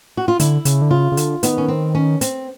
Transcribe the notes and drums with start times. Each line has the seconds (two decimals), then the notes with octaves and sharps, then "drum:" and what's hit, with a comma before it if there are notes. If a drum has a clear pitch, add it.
0.17 F#4
0.28 F4
0.40 D3 E4, drum: hi-hat
0.65 C#3, drum: hi-hat
0.82 D3
0.91 C#3 F4
1.12 C#3
1.17 D3, drum: hi-hat
1.43 D#3 B3, drum: hi-hat
1.58 C#4
1.68 C4
1.95 C#4
2.21 C4, drum: hi-hat